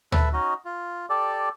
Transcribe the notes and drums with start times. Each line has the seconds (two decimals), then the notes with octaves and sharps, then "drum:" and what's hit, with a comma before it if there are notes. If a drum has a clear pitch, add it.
0.12 A4 B4 E5, drum: tom
0.33 C#4 D#4 F#4 D#5
0.65 F4
1.10 G4 A4 D5